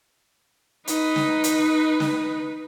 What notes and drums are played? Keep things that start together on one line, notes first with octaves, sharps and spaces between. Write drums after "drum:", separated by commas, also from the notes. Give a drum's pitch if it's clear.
D#4 B4, drum: hi-hat
drum: snare
drum: hi-hat
drum: snare